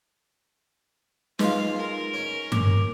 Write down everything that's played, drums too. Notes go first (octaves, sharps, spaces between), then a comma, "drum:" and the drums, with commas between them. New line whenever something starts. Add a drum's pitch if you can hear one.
G#3 D#4 F4 G#4 B4 F5, drum: snare
A#4
C#4
D6, drum: tom G2